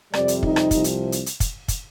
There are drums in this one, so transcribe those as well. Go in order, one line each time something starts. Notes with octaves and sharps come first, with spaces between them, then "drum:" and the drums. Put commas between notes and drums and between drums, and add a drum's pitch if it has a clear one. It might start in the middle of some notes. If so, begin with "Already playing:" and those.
F2 C3 G3 C4 D5, drum: rim click
drum: hi-hat
D#4, drum: kick
drum: rim click
C2 C3 F3, drum: kick, hi-hat
drum: hi-hat
drum: hi-hat
drum: hi-hat
drum: kick, hi-hat
drum: kick, hi-hat